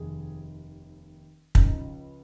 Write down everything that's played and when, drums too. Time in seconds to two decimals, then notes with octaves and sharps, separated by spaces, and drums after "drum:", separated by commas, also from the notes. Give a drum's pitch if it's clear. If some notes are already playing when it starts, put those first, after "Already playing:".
Already playing: F1 D#2 D#3 G#4
1.55 C#2 C#3 F3 D#4, drum: kick